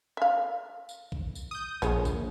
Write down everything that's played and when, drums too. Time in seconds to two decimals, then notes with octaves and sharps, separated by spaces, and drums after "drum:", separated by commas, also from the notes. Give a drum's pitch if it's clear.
0.17 E5 F5
0.89 drum: tambourine
1.12 drum: kick A#1
1.35 drum: tambourine
1.51 D#6 G6
1.82 A#1 G#4 C5 C#5, drum: tambourine
2.05 drum: kick A#1, tambourine